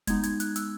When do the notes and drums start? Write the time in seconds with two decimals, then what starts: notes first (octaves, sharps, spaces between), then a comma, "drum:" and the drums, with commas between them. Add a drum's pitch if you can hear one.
0.07 G#3 B3 D#4 G#6, drum: kick, hi-hat
0.23 G#6, drum: hi-hat
0.40 F#6, drum: hi-hat
0.56 E6, drum: hi-hat